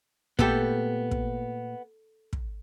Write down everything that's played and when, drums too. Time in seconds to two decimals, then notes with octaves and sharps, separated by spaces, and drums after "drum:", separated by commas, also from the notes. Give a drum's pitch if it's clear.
0.39 A#2 A3 B3 G4 A4 C5 B5, drum: kick
1.11 drum: kick
2.33 drum: kick